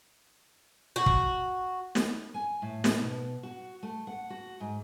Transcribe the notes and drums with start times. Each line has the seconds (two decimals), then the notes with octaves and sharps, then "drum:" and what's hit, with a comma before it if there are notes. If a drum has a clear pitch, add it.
0.96 F#4
1.06 drum: kick
1.95 drum: snare
2.34 G#5
2.62 A2
2.84 drum: snare
3.01 B2
3.43 F#4
3.83 A3
4.07 F#5
4.30 F#4
4.60 G#2